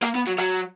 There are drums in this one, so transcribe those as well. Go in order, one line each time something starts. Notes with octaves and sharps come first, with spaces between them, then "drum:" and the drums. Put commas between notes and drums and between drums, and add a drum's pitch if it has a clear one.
A#3, drum: rim click
B3
F#3
F#3, drum: rim click